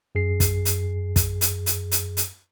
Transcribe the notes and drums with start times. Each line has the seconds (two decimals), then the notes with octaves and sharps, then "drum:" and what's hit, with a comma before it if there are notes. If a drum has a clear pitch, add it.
0.15 F#2 G#4 C7
0.40 drum: kick, hi-hat
0.65 drum: hi-hat
1.16 drum: kick, hi-hat
1.41 drum: hi-hat
1.66 drum: hi-hat
1.92 drum: hi-hat
2.17 drum: hi-hat